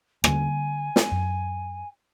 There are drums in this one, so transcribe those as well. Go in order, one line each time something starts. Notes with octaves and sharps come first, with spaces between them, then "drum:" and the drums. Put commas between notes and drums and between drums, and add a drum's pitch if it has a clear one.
D3 G3 A#3 G#5, drum: rim click
drum: snare
F#2